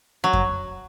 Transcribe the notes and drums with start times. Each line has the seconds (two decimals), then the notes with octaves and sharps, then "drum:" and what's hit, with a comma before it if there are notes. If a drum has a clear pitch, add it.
0.24 F#3
0.33 drum: kick F2